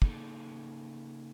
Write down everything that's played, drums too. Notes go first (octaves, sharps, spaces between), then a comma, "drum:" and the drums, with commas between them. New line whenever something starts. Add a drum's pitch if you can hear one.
C#3 A#3 D#4 G#4 A4, drum: kick